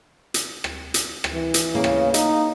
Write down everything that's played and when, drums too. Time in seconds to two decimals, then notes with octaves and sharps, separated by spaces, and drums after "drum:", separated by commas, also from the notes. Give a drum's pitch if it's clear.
0.34 drum: hi-hat
0.64 drum: rim click
0.94 drum: hi-hat
1.24 drum: rim click
1.33 E3
1.54 drum: hi-hat
1.75 C#3 A#3
1.84 drum: rim click
2.14 D#4, drum: hi-hat